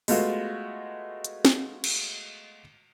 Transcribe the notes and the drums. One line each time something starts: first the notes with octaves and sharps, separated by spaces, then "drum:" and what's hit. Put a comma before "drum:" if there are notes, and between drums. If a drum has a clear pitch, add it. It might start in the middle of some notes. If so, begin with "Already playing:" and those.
G#3 A3 B3 F4 F#4, drum: open hi-hat
drum: hi-hat
drum: snare
drum: cymbal